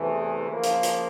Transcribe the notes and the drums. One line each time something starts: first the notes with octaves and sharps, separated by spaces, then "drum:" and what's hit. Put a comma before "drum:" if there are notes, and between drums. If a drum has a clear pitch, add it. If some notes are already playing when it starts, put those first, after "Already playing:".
Already playing: E2 C3 E3 A3
G#4
C#3 F3 A#3
drum: hi-hat
drum: hi-hat